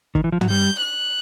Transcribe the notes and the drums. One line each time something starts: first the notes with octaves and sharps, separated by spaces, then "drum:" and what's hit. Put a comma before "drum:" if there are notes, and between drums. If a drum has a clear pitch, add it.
D#3, drum: kick
E3
F3
F#3, drum: tom
G3 G6
F#6